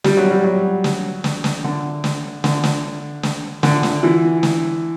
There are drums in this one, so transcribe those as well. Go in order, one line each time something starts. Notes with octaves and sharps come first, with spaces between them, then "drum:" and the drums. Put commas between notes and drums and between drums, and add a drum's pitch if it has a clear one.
G3, drum: snare
F#3
G3
F#3
drum: snare
drum: snare
drum: snare
D3
drum: snare
D3, drum: snare
drum: snare
drum: snare
D3, drum: snare
drum: snare
E3
drum: snare